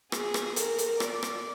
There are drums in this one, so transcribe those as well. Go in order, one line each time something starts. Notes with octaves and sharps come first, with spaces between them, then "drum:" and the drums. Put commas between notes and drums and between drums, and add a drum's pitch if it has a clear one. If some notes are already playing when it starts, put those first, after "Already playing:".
G#4, drum: rim click
drum: rim click
A#4, drum: hi-hat
drum: hi-hat
D5, drum: rim click
drum: rim click